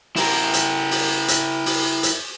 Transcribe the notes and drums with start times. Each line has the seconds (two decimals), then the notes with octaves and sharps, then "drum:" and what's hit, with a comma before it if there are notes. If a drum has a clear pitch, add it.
0.16 E4 A#4, drum: open hi-hat
0.54 drum: hi-hat
0.91 drum: open hi-hat
1.28 drum: hi-hat
1.66 drum: open hi-hat
2.03 drum: hi-hat